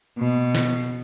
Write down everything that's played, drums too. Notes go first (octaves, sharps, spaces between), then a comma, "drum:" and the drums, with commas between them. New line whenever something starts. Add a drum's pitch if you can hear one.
B2
drum: snare